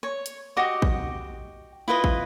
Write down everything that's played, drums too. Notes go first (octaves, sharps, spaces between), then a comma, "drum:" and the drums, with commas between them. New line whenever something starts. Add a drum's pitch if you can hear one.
C#5
drum: hi-hat
F#4 G4 D#5 D6
drum: kick
E4 F4 B4 D#5
drum: kick